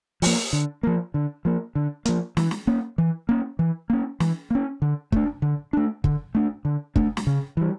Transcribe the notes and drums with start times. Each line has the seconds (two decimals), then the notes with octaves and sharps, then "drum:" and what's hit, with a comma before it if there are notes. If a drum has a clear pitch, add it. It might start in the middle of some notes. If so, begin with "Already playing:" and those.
0.22 F3 A#3, drum: open hi-hat
0.53 D3
0.83 F3 A#3
1.14 D3
1.45 F3 A#3
1.75 D3
2.05 F3 A#3, drum: hi-hat
2.37 E3, drum: snare
2.51 drum: snare
2.67 A#3 C#4
2.98 E3
3.29 A#3 C#4
3.59 E3
3.90 A#3 C#4
4.20 E3, drum: snare
4.50 A#3 C#4
4.82 D3
5.12 A3 D4, drum: kick
5.42 D3
5.73 A3 D4
6.04 D3, drum: kick
6.35 A3 D4
6.65 D3
6.96 A3 D4, drum: kick
7.17 drum: snare
7.27 C#3
7.57 E3 G3